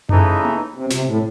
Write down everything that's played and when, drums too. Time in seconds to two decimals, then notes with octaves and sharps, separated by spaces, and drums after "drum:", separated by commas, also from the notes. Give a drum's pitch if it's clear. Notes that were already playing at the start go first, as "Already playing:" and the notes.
0.09 C#3 E3 A3 D#4, drum: tom F#2
0.45 drum: tom A#3
0.74 C3
0.90 C3, drum: snare
1.06 A2